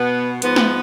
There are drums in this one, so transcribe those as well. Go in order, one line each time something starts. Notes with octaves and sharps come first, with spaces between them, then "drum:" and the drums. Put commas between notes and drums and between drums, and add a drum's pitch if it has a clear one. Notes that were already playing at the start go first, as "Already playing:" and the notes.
Already playing: B2 B3
G#2 F3 B3, drum: hi-hat
drum: snare G#3